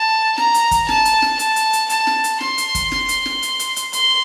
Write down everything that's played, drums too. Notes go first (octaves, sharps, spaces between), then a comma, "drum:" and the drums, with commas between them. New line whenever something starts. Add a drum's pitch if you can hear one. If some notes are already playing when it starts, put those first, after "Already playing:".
Already playing: A5
A#5, drum: snare
drum: hi-hat
drum: kick, hi-hat
A5, drum: snare
drum: hi-hat
drum: snare
A5, drum: hi-hat
drum: hi-hat
drum: hi-hat
A5, drum: hi-hat
drum: snare
drum: hi-hat
C6, drum: snare
drum: hi-hat
drum: kick, hi-hat
drum: snare
drum: hi-hat
drum: snare
drum: hi-hat
drum: hi-hat
drum: hi-hat
C6, drum: hi-hat